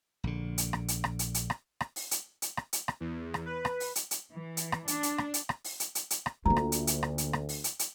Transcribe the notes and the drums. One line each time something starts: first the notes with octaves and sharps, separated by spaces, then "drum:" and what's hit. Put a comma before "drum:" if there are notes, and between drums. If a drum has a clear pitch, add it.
A#1 D3
drum: hi-hat
drum: rim click
drum: hi-hat
drum: rim click
drum: hi-hat
drum: hi-hat
drum: rim click
drum: rim click
drum: open hi-hat
drum: hi-hat
drum: hi-hat
drum: rim click
drum: hi-hat
drum: rim click
E2
drum: rim click
B4
drum: rim click
drum: open hi-hat
drum: hi-hat
drum: hi-hat
E3
drum: hi-hat
drum: rim click
D4, drum: hi-hat
drum: hi-hat
drum: rim click
drum: hi-hat
drum: rim click
drum: open hi-hat
drum: hi-hat
drum: hi-hat
drum: hi-hat
drum: rim click
D2 A#3 F4 A#5
drum: rim click
drum: hi-hat
drum: hi-hat
drum: rim click
drum: hi-hat
drum: rim click
drum: open hi-hat
drum: hi-hat
drum: hi-hat